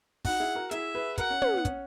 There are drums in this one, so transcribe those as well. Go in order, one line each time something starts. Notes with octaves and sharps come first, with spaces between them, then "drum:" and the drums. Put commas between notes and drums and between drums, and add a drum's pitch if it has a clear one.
D#4 F#4 F#5, drum: kick, open hi-hat
E4 G#4
F#4 A#4
E4 G#4 E5, drum: hi-hat
G#4 B4
F#4 A#4 F#5, drum: kick, hi-hat
C#4
C#4, drum: tom
B3
C#4, drum: kick, hi-hat